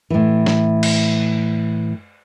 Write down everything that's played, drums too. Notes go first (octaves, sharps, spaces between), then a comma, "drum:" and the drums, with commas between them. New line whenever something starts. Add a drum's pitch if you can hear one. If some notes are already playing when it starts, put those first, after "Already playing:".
A2 E3
drum: snare
drum: cymbal